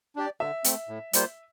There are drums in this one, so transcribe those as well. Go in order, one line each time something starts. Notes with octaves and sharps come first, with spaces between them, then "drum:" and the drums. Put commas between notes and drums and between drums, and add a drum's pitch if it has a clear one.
D4 G4 D5
D3 E5
A3 C4, drum: hi-hat
A2
G3 A#3 F4 C5, drum: hi-hat